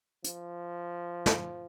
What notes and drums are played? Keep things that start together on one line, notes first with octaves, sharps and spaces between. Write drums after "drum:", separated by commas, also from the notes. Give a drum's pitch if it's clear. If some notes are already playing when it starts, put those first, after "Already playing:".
F3, drum: hi-hat
drum: snare